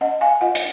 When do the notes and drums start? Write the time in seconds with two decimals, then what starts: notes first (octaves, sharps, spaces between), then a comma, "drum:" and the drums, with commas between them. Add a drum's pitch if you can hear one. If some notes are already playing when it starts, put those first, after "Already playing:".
0.01 C#4 D#5 F#5
0.21 F5 G#5
0.41 F4 D#5 F#5
0.55 drum: hi-hat